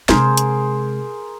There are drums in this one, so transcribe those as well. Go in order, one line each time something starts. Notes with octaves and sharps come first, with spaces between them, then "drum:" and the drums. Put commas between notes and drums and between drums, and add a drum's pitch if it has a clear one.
C3 G#3 G#4 A#4 C5, drum: snare
drum: hi-hat